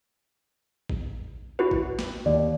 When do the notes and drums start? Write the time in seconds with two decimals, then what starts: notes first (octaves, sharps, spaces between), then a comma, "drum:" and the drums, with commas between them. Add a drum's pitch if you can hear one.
0.89 drum: kick A1
1.59 E4 F#4 B4
1.71 drum: kick A1
1.99 drum: snare
2.26 D#2 D5